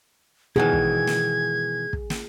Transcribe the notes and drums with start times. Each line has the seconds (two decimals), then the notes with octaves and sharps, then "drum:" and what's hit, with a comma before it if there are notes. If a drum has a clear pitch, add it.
0.56 B2 D#3 E3 G#4 G#6
0.73 drum: kick
1.07 drum: snare
1.93 drum: kick
2.10 drum: snare